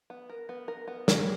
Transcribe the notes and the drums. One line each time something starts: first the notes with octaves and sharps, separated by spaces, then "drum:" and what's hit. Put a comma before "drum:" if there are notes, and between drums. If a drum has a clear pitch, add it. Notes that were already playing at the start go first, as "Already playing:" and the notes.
B3
A#4
B3
A#4
B3
A#4, drum: snare